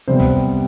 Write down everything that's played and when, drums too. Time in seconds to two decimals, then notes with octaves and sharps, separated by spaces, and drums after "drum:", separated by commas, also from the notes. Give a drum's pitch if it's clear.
0.08 C3 G3 B3 C5
0.20 drum: kick C2